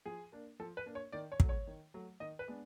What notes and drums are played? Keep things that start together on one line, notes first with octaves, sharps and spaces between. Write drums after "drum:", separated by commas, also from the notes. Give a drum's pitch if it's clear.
F3 G#4
A#3 D4
F3 A4
B4
A#3 D4
C#5
D#3 D5
C#5
F#3 A3, drum: kick
C#5
D#3
F#3 A3
D#3 D#5
B4
G#3 B3 D4